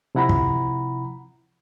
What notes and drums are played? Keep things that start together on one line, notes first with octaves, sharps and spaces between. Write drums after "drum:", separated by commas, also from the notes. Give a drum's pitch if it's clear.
C3 F3 E4 F#5 A#5 B5
drum: kick